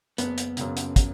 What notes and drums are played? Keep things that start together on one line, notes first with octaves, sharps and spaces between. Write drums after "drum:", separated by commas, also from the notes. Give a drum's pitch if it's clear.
F#1 B3, drum: hi-hat
drum: hi-hat
F#2 C#3, drum: hi-hat
drum: hi-hat
drum: kick, hi-hat